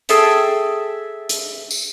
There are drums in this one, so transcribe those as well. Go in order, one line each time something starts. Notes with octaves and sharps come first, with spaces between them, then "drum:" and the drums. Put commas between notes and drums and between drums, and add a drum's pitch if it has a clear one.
G#4 A4 E5 G5, drum: hi-hat
drum: hi-hat
drum: tambourine